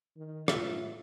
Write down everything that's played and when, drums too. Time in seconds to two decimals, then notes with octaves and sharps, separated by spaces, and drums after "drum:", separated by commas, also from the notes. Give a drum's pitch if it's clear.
0.16 D#3
0.48 A2 F4 E5, drum: rim click